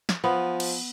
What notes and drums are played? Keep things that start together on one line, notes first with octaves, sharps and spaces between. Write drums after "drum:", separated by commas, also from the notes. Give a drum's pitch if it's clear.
drum: snare
F3 B3
drum: cymbal